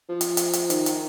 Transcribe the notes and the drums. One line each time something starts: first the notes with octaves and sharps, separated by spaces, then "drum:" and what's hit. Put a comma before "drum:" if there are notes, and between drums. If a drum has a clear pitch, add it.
F3
drum: hi-hat
drum: hi-hat
drum: hi-hat
D#3, drum: hi-hat
drum: hi-hat